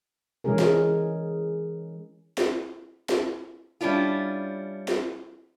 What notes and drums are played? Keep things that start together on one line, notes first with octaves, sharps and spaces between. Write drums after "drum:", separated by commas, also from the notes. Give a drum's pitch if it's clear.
E3 G#3 C#4 G#4 A#4
drum: snare E4
drum: snare E4
drum: snare E4
G3 C#4 D4 E4 F4
drum: snare E4